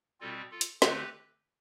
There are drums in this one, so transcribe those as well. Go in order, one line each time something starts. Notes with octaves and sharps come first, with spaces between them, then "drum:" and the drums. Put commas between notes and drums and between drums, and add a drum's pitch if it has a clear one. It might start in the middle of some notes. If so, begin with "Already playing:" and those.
B2 G3 C4 F4 A4
F4 A4
drum: hi-hat
D3 A3 C4 G4 B4, drum: snare